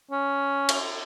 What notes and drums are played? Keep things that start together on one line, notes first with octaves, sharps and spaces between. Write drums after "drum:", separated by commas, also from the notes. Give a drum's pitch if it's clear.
C#4
drum: cymbal